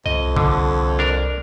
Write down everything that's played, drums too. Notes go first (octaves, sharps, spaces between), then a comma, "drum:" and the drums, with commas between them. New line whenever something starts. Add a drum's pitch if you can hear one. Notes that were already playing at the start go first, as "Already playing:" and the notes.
C2 F2 D#5
D3, drum: kick
D4 A#4